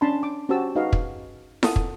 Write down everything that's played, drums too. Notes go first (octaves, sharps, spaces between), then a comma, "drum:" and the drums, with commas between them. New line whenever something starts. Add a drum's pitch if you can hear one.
C#4 D4 A5 B5 C6
D6
C#4 F#4 G4 C5 A5 E6
D#4 F#4 G#4 B4 D#5 F5
drum: kick
F4 A4 A#4 F#5 A5 D#6, drum: snare E4
drum: kick